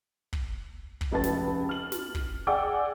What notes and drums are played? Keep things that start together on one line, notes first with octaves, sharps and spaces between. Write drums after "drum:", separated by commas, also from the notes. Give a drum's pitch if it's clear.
drum: kick
drum: kick
F1 C#2 B4 A5 A6
drum: snare
F6 F#7
drum: snare
drum: kick
G#4 D5 F#5 G5 D6 E6